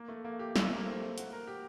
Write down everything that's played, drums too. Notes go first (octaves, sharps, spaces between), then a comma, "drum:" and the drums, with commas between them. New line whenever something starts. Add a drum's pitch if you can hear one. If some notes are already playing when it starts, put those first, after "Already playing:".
Already playing: A#3
A3
A#3
G4
A#3, drum: snare
A3
A#3
C4
F#4, drum: hi-hat
A#4
G4